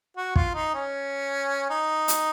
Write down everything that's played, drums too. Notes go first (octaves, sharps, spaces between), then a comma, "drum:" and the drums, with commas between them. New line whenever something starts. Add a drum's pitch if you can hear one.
F#4
F4, drum: kick
D#4
C#4
D#4
drum: hi-hat